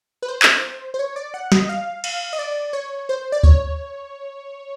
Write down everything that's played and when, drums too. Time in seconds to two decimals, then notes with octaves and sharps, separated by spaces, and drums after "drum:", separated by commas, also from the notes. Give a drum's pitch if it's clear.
0.22 B4
0.28 C5
0.42 drum: clap
0.94 C5
0.99 C#5
1.16 D5
1.34 F#5
1.52 D#5, drum: snare
1.69 F5
2.04 F5, drum: cymbal
2.33 D#5
2.39 D5
2.73 C#5
3.09 C5
3.32 D5
3.44 C#5, drum: kick D2